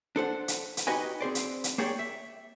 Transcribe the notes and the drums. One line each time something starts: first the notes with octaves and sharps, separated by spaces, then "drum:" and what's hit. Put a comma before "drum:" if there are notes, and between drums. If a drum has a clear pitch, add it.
D4 A4 C5 F#5
drum: hi-hat
drum: hi-hat
D#4 F#4 G4 B4 D#5 G#5
C4 G#4 C5 D5
drum: hi-hat
drum: hi-hat
A#3 G4 G#4 C#5 D5 G5
E5